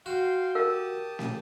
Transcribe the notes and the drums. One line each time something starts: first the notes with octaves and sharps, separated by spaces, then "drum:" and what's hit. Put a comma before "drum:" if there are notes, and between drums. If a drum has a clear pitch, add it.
F#4 F5 G5 C6
G4 A#4 F5 A5 D#6
drum: snare